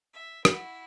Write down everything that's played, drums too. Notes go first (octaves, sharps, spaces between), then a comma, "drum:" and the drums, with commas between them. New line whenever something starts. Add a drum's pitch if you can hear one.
E5
E4 F#4, drum: rim click